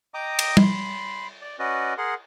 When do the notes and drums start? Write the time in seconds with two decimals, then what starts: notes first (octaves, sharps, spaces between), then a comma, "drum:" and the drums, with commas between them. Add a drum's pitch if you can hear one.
0.14 D#5 G5 A#5 D6 D#6
0.39 drum: cymbal
0.57 B5 C6, drum: tom G3
1.41 D5
1.59 C#4 F#4 B4 D5 D#5
1.98 G#4 A#4 F#5 C6